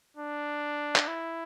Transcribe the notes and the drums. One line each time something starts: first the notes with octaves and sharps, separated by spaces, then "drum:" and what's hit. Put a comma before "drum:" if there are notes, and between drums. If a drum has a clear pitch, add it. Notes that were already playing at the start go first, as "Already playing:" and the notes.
D4
drum: clap
E4